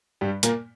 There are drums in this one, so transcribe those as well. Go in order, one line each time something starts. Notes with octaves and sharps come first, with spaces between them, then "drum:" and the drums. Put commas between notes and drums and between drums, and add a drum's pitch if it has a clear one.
G2 G3
A#2 A#3, drum: hi-hat